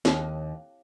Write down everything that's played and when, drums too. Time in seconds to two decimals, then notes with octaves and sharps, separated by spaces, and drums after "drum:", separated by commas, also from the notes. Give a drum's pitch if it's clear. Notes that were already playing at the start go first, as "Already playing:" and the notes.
0.05 D#2, drum: snare